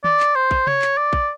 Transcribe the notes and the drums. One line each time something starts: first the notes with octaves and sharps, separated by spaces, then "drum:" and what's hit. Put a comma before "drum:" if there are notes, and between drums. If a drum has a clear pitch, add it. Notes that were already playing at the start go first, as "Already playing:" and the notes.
D5, drum: tom
drum: clap
C5
drum: kick
C#5, drum: tom C3
drum: clap
D5
drum: kick